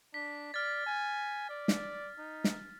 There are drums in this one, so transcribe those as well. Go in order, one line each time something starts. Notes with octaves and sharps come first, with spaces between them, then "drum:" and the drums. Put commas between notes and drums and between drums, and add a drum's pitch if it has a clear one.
D4 B6
D5 F6 A6
G#5
D5
drum: snare
D#4
drum: snare